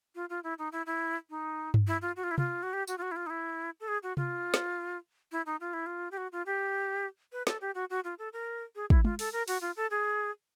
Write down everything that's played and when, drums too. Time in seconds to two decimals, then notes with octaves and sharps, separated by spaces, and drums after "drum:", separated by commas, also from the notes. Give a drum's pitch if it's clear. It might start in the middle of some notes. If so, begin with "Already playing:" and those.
0.15 F4
0.30 F4
0.44 E4
0.59 D#4
0.72 E4
0.86 E4
1.30 D#4
1.74 drum: tom G2
1.87 E4
2.02 F4
2.16 F#4
2.23 F4
2.31 E4
2.38 F4, drum: tom C3
2.63 F#4
2.73 G4
2.87 F#4, drum: tambourine
2.98 F4
3.02 F#4
3.11 E4
3.16 F4
3.26 D#4
3.30 E4
3.80 A4
3.88 G#4
4.03 F#4
4.17 F4, drum: tom C3
4.54 drum: snare
5.32 E4
5.46 D#4
5.60 F4
5.73 E4
5.86 F4
6.11 G4
6.17 F#4
6.32 F4
6.46 G4
7.32 B4
7.47 A4, drum: snare
7.61 G4
7.75 F#4
7.90 F#4
8.04 F4
8.19 A4
8.33 A#4
8.75 G#4
8.90 E4, drum: kick
9.05 F4, drum: tom G#3
9.19 A4, drum: open hi-hat
9.33 A#4
9.48 F#4, drum: open hi-hat
9.61 F4
9.77 A4
9.90 G#4